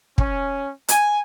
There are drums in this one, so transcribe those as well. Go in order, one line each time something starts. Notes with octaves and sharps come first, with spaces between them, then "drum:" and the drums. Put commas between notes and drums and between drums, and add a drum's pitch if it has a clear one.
C#4, drum: kick
G#5, drum: hi-hat